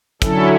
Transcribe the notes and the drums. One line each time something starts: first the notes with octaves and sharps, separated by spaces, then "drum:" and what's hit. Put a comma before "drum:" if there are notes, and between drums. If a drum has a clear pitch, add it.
D3 F#3 C#4 E4 A4, drum: kick, hi-hat